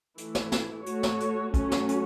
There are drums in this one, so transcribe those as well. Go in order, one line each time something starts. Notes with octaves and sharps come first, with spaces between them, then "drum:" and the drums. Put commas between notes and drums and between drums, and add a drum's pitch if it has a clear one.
E3 A3 E4, drum: hi-hat
drum: snare
drum: snare
A3 F#4 C#5, drum: hi-hat
drum: snare
drum: hi-hat
F#3 A3 C#4 F#4, drum: kick, hi-hat
drum: snare
drum: hi-hat